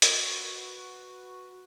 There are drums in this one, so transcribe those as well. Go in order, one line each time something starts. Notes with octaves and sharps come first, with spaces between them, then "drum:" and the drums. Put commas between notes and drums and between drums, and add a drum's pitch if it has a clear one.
F#4 B4, drum: hi-hat